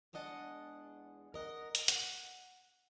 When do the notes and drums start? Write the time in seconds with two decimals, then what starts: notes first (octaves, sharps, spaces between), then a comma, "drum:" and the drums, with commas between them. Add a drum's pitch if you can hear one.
0.13 E2 G#3 D4 D#5 F#5 A5
1.34 A#4 D#5 F#5
1.75 drum: hi-hat
1.88 F#5, drum: hi-hat